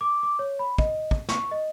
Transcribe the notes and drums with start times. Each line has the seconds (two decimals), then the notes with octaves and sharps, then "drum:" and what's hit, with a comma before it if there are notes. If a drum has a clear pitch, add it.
0.01 D6
0.23 D6
0.39 C#5
0.59 B5
0.78 D#5, drum: kick
1.11 drum: kick
1.29 C#6, drum: snare
1.51 D#5